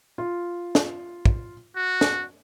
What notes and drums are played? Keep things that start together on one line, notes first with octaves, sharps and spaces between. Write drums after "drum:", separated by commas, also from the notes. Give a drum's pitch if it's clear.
F4
drum: snare
drum: kick
F#4
drum: snare